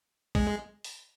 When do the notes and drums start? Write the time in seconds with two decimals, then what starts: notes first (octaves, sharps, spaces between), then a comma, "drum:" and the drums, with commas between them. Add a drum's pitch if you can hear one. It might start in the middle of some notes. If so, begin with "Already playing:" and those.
0.35 G#3, drum: kick
0.84 drum: open hi-hat